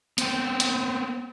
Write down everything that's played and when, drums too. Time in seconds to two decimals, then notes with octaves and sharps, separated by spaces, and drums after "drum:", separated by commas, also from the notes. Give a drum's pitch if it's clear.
0.18 B3 C4 G5, drum: hi-hat
0.60 drum: hi-hat